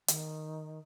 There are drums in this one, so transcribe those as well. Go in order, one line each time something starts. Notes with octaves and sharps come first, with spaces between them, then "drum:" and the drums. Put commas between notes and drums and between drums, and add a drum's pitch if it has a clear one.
D#3, drum: hi-hat